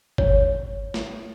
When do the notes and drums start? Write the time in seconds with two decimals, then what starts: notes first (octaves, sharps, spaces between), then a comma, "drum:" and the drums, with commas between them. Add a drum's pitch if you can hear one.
0.18 C#5, drum: kick
0.94 drum: snare